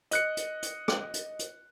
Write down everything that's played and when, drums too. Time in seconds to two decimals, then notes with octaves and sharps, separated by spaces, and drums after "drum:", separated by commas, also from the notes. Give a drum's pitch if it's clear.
0.11 D#5 F#6 C#7, drum: hi-hat
0.37 drum: hi-hat
0.63 drum: hi-hat
0.88 drum: rim click
1.14 drum: hi-hat
1.39 drum: hi-hat